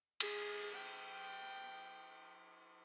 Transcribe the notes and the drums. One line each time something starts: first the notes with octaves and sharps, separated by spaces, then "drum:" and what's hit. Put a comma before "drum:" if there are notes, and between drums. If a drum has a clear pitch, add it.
G#4, drum: cymbal
G5